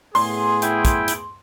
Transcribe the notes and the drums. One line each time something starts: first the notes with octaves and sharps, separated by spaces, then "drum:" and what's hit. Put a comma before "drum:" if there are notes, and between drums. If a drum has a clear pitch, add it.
A2 B3 G#4 C6, drum: open hi-hat
E4 G5, drum: hi-hat
drum: kick, hi-hat
drum: hi-hat